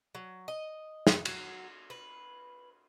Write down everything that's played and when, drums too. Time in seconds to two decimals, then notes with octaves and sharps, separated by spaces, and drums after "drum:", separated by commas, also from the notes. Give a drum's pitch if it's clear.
0.15 F#3
0.48 D#5
1.07 D#4, drum: snare
1.25 F#3, drum: cymbal
1.90 B4